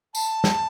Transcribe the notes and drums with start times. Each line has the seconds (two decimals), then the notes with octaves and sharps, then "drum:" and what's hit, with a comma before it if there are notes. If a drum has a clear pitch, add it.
0.15 A5, drum: tambourine
0.44 drum: snare